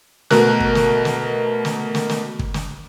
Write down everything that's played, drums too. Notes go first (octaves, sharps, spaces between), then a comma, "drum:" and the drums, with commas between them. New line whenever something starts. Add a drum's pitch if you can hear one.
B2 A3 A#4 F#6, drum: snare
drum: kick
drum: snare
drum: snare
drum: snare
drum: snare
drum: snare
drum: kick
drum: snare